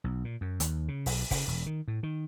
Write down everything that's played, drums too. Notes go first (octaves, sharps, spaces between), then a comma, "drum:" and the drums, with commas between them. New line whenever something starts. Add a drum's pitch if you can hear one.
B1
A#2
F#2
D#2, drum: hi-hat
C#3
B1, drum: open hi-hat
C#3, drum: kick, open hi-hat
E1
D#3
A2
D#3